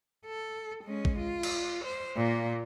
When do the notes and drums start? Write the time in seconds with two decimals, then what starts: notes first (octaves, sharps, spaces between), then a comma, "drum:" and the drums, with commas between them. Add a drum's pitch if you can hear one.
0.26 A4
0.84 G#3 C#4
1.05 drum: kick A1
1.19 F4
1.43 drum: cymbal
1.85 C5
2.17 A#2 A#3